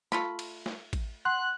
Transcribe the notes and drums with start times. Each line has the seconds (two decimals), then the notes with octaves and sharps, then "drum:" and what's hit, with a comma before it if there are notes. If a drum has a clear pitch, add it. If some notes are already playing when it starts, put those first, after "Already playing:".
0.12 A3 F4 B5, drum: snare
0.39 drum: cymbal
0.66 drum: snare
0.93 drum: kick A1, cymbal
1.25 F#5 C6 F#6